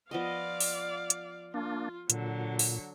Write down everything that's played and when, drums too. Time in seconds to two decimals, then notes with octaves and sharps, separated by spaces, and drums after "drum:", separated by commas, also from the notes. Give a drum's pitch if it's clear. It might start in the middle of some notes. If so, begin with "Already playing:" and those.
0.11 F3 B3 D5 D#5 F5
0.60 drum: open hi-hat
1.10 drum: hi-hat
1.54 A#3 D4 F4
2.10 A#2 D3 F#3, drum: hi-hat
2.59 drum: open hi-hat